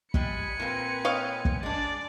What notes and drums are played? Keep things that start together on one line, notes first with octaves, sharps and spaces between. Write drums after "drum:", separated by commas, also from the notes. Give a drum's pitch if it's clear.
G3 G#3 G#5 B5 C#7, drum: kick
A#2 A#3 C4 B4
C#5 D#5 F5
drum: kick
G#3 D4 D5